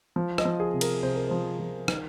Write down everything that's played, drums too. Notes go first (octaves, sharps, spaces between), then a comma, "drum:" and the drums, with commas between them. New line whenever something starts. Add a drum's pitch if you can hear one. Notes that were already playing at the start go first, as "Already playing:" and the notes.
F3
D#5, drum: rim click
F3
G#4
C3
A#4, drum: cymbal
C3 C5
A#4
F3 C5
F3
D#3, drum: rim click